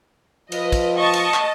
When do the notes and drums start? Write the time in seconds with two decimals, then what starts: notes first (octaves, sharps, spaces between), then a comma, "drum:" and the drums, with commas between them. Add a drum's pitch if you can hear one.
0.52 F3 B4 D#5, drum: cymbal
0.72 drum: kick, cymbal
0.97 D#5 A5 C#6
1.13 drum: cymbal
1.34 drum: clap